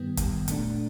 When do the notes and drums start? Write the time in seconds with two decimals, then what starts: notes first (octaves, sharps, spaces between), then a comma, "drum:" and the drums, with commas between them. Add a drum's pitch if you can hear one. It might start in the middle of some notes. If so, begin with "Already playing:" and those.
Already playing: G2 D#3 G3 B3
0.17 G2 D#3 G3 B3, drum: kick, hi-hat
0.48 A#2 F#3 A3 D4, drum: hi-hat